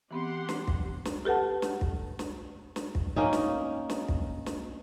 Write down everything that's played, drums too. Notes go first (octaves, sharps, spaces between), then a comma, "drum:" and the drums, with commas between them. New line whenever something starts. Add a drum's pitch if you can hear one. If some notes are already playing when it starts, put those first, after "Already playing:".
E3 B3 C4 G4 F#5 C6
drum: snare
drum: kick
drum: snare
G4 A4 B4 F#5 A5
drum: snare
drum: kick
drum: snare
drum: snare
drum: kick
A#3 C#4 D#4
drum: snare
drum: snare
drum: kick
drum: snare